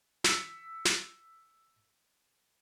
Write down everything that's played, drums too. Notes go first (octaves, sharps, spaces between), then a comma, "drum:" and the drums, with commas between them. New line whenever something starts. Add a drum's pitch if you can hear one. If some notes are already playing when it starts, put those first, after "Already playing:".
E6 B6 C#7, drum: snare
drum: snare